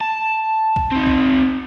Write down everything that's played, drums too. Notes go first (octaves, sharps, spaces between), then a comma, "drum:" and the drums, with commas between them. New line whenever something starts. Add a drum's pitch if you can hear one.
A5
drum: kick B1
C4 D#4
drum: kick B1